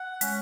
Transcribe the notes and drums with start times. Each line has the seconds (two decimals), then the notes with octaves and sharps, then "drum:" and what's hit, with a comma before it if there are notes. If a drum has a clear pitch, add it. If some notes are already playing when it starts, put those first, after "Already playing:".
Already playing: F#5
0.21 G#3 C#4, drum: hi-hat